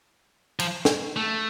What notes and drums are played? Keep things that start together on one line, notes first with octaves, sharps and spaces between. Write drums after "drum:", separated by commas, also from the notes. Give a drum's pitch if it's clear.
F3, drum: cymbal
drum: snare
A3